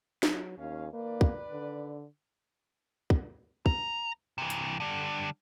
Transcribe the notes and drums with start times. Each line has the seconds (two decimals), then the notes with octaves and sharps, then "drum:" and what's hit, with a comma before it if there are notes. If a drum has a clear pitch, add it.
0.23 F#3, drum: snare
0.58 D#2 C#4 F5
0.93 D#3 A#3 B4 D5
1.21 drum: kick
1.51 D3
3.10 drum: kick
3.66 A#5, drum: kick
4.38 C3 E3
4.50 drum: hi-hat
4.80 D3 G3